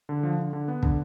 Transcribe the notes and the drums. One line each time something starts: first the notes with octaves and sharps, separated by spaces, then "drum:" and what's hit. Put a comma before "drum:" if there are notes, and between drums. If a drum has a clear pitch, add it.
D3
F3
D3
D3
B3
D3, drum: kick